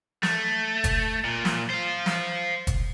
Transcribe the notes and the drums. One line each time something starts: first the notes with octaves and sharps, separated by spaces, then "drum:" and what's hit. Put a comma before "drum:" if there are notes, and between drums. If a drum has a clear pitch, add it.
A3, drum: snare
drum: kick, hi-hat
A#2
drum: snare
C5 F5
drum: snare
drum: kick, hi-hat